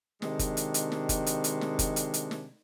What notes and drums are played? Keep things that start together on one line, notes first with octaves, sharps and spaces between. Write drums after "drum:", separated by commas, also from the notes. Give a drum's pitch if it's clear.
C3 D#3 G#3 D4, drum: snare
drum: kick F#1, hi-hat
drum: hi-hat
drum: hi-hat
drum: snare
drum: kick F#1, hi-hat
drum: hi-hat
drum: hi-hat
drum: snare
drum: kick F#1, hi-hat
drum: hi-hat
drum: hi-hat
drum: snare